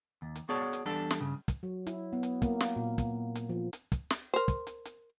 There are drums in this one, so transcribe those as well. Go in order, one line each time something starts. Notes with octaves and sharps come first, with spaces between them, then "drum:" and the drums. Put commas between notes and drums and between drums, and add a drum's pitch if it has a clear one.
D#2
drum: hi-hat
B3 F#4 G#4 C#5 D5 A5
drum: hi-hat
E2 G3 D4 A4
drum: snare
G2 C#3
drum: kick, hi-hat
F#3
E4, drum: hi-hat
B3
drum: hi-hat
A#3, drum: kick, hi-hat
drum: snare
A#2
drum: kick, hi-hat
drum: hi-hat
F3
drum: hi-hat
drum: kick, hi-hat
drum: snare
A#4 C5
drum: kick, hi-hat
drum: hi-hat
drum: hi-hat